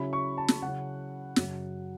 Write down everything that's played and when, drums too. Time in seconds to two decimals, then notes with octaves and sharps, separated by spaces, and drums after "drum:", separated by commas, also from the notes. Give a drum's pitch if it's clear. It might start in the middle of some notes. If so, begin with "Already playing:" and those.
Already playing: C#3 F#3 C#4 E4 B5
0.13 C#6
0.38 A5
0.48 drum: snare
0.62 C#3 F#3 C#4 E4 F#5
1.36 F#2 C#3 F#3, drum: snare